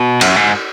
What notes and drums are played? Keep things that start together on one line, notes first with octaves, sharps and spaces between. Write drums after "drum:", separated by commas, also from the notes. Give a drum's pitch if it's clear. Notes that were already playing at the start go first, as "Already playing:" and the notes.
Already playing: B2
F#2, drum: cymbal
G#2